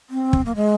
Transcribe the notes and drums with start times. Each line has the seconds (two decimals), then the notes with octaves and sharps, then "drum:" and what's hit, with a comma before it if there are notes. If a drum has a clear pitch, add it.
0.10 C4
0.33 drum: kick
0.46 A#3
0.55 G#3